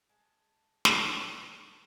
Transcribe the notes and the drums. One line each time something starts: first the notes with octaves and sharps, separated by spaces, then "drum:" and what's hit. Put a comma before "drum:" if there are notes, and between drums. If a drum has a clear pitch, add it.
G#3 A5
drum: snare